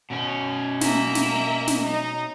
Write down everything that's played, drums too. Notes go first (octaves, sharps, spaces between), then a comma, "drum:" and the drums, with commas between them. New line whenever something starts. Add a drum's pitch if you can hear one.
B2 C#4
A#3 E5, drum: snare
drum: snare
drum: snare
D#4